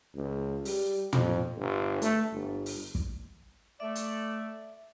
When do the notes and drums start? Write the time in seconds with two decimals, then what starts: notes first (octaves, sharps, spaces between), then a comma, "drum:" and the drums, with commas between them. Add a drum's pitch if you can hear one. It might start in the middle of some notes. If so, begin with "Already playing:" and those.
0.15 C#2
0.65 G3, drum: open hi-hat
1.13 F2, drum: tom
1.56 G1
2.02 A3, drum: hi-hat
2.31 G1
2.66 drum: open hi-hat
2.95 drum: kick
3.80 A3 D5 E5
3.95 drum: hi-hat